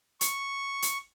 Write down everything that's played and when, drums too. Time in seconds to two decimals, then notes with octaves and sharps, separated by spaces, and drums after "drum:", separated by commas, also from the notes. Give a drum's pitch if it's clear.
0.21 C#6, drum: hi-hat
0.82 drum: hi-hat